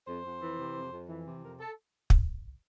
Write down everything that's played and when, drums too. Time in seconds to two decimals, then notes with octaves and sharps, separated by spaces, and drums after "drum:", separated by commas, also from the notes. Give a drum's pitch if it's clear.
0.07 F2 C5
0.24 F2
0.41 E3
0.58 C3
0.75 F2
0.92 F2
1.09 E3
1.26 C3
1.42 F2 A#4
1.60 A4
2.10 drum: kick